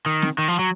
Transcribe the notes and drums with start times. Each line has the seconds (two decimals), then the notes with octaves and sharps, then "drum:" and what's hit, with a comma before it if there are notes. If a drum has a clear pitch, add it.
0.06 D#3
0.22 drum: snare
0.38 D#3
0.48 F3
0.59 F#3